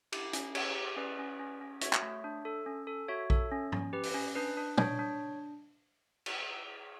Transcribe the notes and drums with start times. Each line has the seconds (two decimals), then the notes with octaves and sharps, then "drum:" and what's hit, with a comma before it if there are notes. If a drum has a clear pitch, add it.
0.12 G4, drum: cymbal
0.33 C#4, drum: hi-hat
0.55 G4 C#5, drum: cymbal
0.75 G4
0.97 C#4 B4 D5
1.18 C#4
1.39 C#4
1.61 C#4
1.81 F#4 C#5 E5, drum: hi-hat
1.93 drum: clap
2.02 A3
2.24 D4
2.45 A4
2.66 C#4
2.87 A4
3.08 F#4 C#5 E5
3.30 A4, drum: kick A#1
3.51 C#4
3.72 C#4, drum: tom
3.93 G4 B4
4.03 drum: open hi-hat
4.14 C#4
4.35 D4 B4
4.57 D4
4.78 D4 C#5, drum: tom
4.99 D4
6.26 drum: cymbal